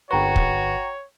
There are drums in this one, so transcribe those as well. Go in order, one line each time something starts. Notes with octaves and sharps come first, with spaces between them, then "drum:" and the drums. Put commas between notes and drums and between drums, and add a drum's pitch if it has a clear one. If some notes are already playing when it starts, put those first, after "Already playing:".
G1 F#4 B4 C#5 G5 A#5 C#6
drum: kick